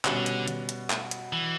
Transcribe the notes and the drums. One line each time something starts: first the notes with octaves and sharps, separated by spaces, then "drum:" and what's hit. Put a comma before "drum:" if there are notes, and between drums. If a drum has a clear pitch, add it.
B2 D3 G3 C#4, drum: clap
drum: hi-hat
drum: hi-hat
drum: hi-hat
drum: clap
drum: hi-hat
E3